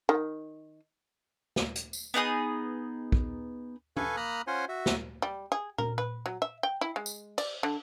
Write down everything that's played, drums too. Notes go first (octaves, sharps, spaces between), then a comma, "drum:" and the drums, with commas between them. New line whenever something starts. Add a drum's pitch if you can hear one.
D#3
drum: snare
drum: hi-hat
drum: tambourine
B3 D#4 G#4 D#6
drum: kick
A4 B4 F5 G#5 C#6, drum: tom
A#3 A#5 B5 D#6 F6 F#6
C#4 F4 C5 F#5 G#5 C6
F#4 E5
drum: snare
G3
G#4
A#4, drum: tom A#2
B4
F#3
E5
G5
E4
G#3
drum: tambourine
D5, drum: cymbal
D3